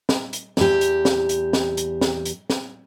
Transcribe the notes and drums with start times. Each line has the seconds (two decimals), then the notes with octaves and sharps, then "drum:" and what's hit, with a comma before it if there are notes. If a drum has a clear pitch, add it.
0.09 drum: snare
0.33 drum: hi-hat
0.57 E2 G4, drum: snare
0.81 drum: hi-hat
1.05 drum: snare
1.29 drum: hi-hat
1.53 drum: snare
1.77 drum: hi-hat
2.01 drum: snare
2.25 drum: hi-hat
2.50 drum: snare